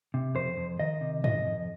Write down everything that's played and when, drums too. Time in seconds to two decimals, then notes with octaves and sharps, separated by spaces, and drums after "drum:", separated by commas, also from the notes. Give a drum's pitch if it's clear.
0.14 C3
0.35 F2 C5
0.57 F2
0.79 D#3 D#5
1.01 C3
1.24 F2 D#5, drum: tom G#2
1.46 F2